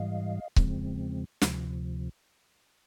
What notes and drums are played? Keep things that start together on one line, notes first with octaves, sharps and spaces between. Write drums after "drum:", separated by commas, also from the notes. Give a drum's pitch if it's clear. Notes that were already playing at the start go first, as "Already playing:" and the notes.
Already playing: G#2 E3 G3 D#5 F5
E2 C#3 F3 G#3 C4, drum: kick C#1
D2 C3 F3, drum: snare